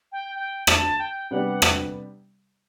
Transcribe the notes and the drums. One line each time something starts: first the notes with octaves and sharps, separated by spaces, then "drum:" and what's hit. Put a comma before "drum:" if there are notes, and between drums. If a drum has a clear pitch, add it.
G5
G5
A5, drum: rim click
G5
C3 G3 B3 D4 G4 F#5
drum: rim click